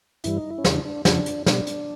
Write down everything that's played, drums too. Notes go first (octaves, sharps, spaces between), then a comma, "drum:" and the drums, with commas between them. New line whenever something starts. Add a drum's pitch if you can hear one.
G2 E3 G3 E4, drum: hi-hat
D#4
E4
C#4
E2 C#3 E3 G3 D4, drum: snare
D4
F2 C#3 F3 D4, drum: snare
drum: hi-hat
B2 G3 D4, drum: snare
drum: hi-hat